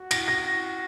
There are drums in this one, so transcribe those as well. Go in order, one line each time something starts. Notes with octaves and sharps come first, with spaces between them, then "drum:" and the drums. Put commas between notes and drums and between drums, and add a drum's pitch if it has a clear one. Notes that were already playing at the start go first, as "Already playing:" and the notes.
Already playing: F#4
A#6, drum: cymbal
A#6